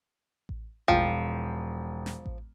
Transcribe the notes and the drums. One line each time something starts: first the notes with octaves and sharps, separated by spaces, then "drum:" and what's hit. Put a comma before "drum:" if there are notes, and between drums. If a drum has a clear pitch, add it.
drum: kick A1
E1 F3 G5, drum: kick A1
drum: snare
drum: kick A1